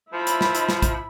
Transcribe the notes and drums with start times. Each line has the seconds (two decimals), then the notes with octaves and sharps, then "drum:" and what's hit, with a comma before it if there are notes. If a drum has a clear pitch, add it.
0.13 F3 E4 B5
0.27 drum: hi-hat
0.41 drum: snare
0.55 drum: hi-hat
0.69 drum: snare
0.82 drum: kick A#1, hi-hat